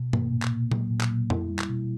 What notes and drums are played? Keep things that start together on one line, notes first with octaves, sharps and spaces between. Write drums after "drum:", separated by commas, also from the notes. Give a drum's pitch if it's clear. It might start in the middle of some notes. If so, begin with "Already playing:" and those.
Already playing: B2
A#3, drum: tom G2
A#2
drum: clap
A#2
F#3, drum: tom B2
A#2
drum: clap
A#3
E4, drum: tom F2
G3
drum: clap
B2